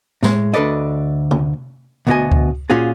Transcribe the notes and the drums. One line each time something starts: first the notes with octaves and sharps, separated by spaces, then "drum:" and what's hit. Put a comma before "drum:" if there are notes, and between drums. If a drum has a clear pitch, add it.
A2 G#3, drum: snare
D2 D4 A4 B4 D5 D#5
drum: tom C3
D2 B2 B3 G4 D#5 G#5
drum: kick C#2
A#2 C#4 F4 F#4 G#4